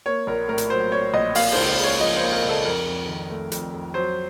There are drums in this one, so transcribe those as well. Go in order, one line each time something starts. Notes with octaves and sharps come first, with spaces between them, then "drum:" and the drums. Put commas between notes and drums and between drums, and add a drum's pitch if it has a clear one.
A#3 C#5
A#1 A#4
A2 A#4
drum: hi-hat
F#3 C5
A#3 C#5
A#1 D#5
A#3 F5, drum: open hi-hat
C#2 C5, drum: cymbal
C#3
C#5
F3 D#5
A#3 C5
A#4
C#2
A4
F2 A#4
F2
D#3
A3
F2, drum: hi-hat
F2
F#3 C5